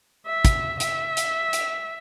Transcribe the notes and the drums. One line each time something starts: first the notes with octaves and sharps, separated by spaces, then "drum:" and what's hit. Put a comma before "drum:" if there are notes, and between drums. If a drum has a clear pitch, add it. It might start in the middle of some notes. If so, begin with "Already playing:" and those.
E5
drum: kick, hi-hat
E5, drum: hi-hat
drum: hi-hat
drum: hi-hat